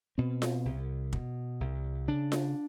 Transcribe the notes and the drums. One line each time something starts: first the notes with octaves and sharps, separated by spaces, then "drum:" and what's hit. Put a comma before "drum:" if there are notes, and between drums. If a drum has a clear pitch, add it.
B2 C4
drum: snare F4
C2
B2, drum: kick
C2
C#3 D4
drum: snare F4